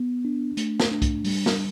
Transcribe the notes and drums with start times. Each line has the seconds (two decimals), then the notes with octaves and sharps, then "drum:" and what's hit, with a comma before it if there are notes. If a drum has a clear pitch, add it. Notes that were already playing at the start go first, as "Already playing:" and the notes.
Already playing: B3
0.25 D4
0.57 A3, drum: hi-hat
0.80 drum: snare
0.91 D4
1.02 drum: kick C2, hi-hat
1.25 G3, drum: open hi-hat
1.46 drum: snare